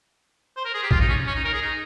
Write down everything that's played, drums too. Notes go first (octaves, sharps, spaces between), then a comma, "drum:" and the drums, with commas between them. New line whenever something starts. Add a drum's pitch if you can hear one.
C5
A#4
G#4
G4
F4, drum: kick A#1
D#4
C#4
C#4
D#4
A#4
G#4
D#4